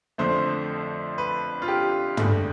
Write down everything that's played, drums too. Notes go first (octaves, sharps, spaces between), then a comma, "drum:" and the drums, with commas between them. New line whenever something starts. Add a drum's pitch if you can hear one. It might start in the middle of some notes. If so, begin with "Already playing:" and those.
F2 D3 F3 A3 C5
B4
F4
G4
E2 D3 A3, drum: tom